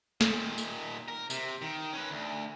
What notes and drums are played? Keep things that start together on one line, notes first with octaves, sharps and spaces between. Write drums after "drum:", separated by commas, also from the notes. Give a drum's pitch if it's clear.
A#2 D#3, drum: snare
drum: tambourine
A#4
C3, drum: tambourine
D#3
C#4 B4
D2